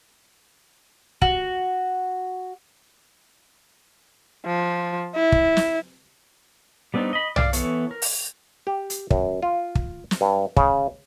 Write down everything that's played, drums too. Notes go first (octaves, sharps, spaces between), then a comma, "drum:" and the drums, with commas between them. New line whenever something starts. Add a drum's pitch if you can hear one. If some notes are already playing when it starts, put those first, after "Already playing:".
F#4, drum: kick
F3
E4
drum: kick
drum: snare
G3 B3 C4 D4 D#4
D#5 B5
D5 F5, drum: tom B1
E3 B3 A4 C#5, drum: hi-hat
A#4
drum: open hi-hat
G4
drum: hi-hat
F#2, drum: kick
F4
drum: kick
drum: snare
G2
C#3, drum: kick